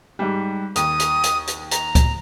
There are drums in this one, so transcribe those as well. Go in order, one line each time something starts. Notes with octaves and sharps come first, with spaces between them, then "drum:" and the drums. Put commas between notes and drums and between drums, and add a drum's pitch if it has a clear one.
G#2 G3
D#2 D#6, drum: hi-hat
drum: hi-hat
drum: hi-hat
drum: hi-hat
A#5, drum: hi-hat
drum: kick C#2, hi-hat